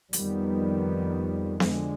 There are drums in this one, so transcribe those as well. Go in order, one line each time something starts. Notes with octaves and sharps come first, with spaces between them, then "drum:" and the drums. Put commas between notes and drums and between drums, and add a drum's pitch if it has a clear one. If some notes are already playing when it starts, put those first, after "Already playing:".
F2 D#3 G3 B3, drum: hi-hat
F2 D3 G#3, drum: snare B3